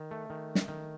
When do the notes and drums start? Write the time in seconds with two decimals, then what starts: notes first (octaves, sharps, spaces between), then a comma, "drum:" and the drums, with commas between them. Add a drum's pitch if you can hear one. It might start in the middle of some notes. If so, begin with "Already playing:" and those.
Already playing: D#3
0.11 A3
0.30 D#3
0.55 drum: snare
0.68 D#3